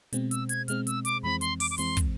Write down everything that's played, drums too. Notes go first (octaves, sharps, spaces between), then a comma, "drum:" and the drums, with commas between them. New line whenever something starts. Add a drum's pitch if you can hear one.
B2 G#3 C4, drum: hi-hat
E6, drum: hi-hat
G#6, drum: hi-hat
B2 G#3 C4 F6, drum: hi-hat
E6, drum: hi-hat
D6, drum: hi-hat
F2 E3 G#3 C4 B5
C6, drum: hi-hat
D6, drum: open hi-hat
D6
F2 E3 G#3 C4 C6, drum: hi-hat
drum: kick, hi-hat